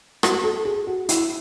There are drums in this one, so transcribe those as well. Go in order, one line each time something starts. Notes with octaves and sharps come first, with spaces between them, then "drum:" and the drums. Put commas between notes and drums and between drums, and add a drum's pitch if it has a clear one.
F#4, drum: rim click
A4
G#4
F#4
E4, drum: hi-hat